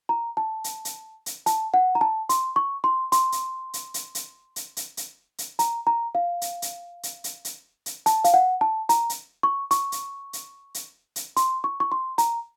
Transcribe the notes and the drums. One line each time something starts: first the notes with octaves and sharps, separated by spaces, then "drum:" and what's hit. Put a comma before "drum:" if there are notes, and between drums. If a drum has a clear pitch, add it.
A#5
A5
drum: hi-hat
drum: hi-hat
drum: hi-hat
A5, drum: hi-hat
F#5
A#5
A5
C6, drum: hi-hat
C#6
C6
C6, drum: hi-hat
drum: hi-hat
drum: hi-hat
drum: hi-hat
drum: hi-hat
drum: hi-hat
drum: hi-hat
drum: hi-hat
drum: hi-hat
A#5, drum: hi-hat
A#5
F5
drum: hi-hat
drum: hi-hat
drum: hi-hat
drum: hi-hat
drum: hi-hat
drum: hi-hat
A5, drum: hi-hat
F5, drum: hi-hat
F#5
A5
A#5, drum: hi-hat
drum: hi-hat
C#6
C#6, drum: hi-hat
drum: hi-hat
drum: hi-hat
drum: hi-hat
drum: hi-hat
C6, drum: hi-hat
C#6
C#6
C6
A#5, drum: hi-hat